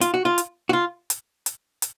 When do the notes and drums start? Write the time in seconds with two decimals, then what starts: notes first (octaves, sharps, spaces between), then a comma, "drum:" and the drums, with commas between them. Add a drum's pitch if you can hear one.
0.01 F4, drum: hi-hat
0.14 F#4
0.25 F4
0.38 drum: hi-hat
0.69 F#4
0.73 F4
1.10 drum: hi-hat
1.46 drum: hi-hat
1.82 drum: hi-hat